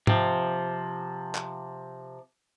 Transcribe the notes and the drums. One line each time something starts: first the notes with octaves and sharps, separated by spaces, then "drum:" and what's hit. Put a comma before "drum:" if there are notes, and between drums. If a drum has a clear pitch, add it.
C3 F3, drum: tom G#2
drum: clap